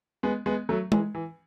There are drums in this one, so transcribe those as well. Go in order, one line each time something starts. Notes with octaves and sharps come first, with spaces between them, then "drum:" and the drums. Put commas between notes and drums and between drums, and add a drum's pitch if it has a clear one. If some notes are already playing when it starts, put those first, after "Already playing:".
G#3 B3
G#3 B3
F#3 A3
E3 G#3, drum: tom G#3
E3